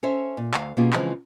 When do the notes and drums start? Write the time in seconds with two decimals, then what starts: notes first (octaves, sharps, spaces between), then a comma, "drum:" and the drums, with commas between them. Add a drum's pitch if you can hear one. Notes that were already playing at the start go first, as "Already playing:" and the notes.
0.03 C#4 A4 C5 C#5 E5
0.37 A#2
0.54 D2 F5, drum: clap
0.77 B2 A#3 C#4 F4 G4 G#4
0.93 C#3 E3 F3 G#3 C4, drum: clap